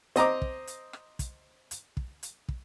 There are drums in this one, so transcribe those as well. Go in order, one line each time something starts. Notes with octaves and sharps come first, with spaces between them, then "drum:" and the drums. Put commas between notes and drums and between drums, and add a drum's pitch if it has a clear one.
C4 D#5 A#5 D6, drum: hi-hat
drum: kick
drum: hi-hat
drum: rim click
drum: kick, hi-hat
drum: hi-hat
drum: kick
drum: hi-hat
drum: kick